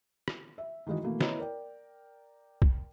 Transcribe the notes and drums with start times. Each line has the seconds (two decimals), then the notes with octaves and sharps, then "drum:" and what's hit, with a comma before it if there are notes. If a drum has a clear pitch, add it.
0.28 drum: rim click
0.58 E5
0.87 D#3 E3 G#3 F#4 D#5
1.02 B2 E3 A3 A#3
1.21 B3 E4 B4 C#5 D#5 A#5, drum: snare
1.39 A#4 D5 G5
2.62 drum: kick B1